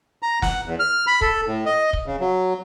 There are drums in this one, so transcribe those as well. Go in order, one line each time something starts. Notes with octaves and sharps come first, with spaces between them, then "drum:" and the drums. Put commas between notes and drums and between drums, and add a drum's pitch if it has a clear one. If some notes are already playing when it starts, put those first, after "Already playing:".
A#5
F#5, drum: snare
E2
F6
B5
A4, drum: kick
A2
D#5
drum: kick
C#3
F#3